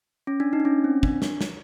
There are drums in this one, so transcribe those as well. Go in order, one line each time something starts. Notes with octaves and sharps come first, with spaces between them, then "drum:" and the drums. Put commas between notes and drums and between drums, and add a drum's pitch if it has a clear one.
C#4
D4
D#4
D4
C#4
C4
D4, drum: kick
drum: snare
drum: snare